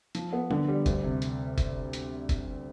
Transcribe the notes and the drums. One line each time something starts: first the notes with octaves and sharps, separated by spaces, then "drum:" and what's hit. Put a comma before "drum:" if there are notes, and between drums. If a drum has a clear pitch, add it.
F3, drum: hi-hat
B3
D3, drum: tom
G3
D2, drum: kick F#1, hi-hat
C3
drum: hi-hat
drum: kick F#1, hi-hat
drum: hi-hat
drum: kick F#1, hi-hat